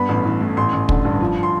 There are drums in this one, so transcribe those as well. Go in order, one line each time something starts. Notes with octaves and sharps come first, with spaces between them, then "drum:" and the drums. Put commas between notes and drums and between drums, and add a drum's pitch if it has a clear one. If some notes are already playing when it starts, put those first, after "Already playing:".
Already playing: G2 B3 B5
A1
E3
A2
A1 C6
A1
D3, drum: kick
G2
F3
C6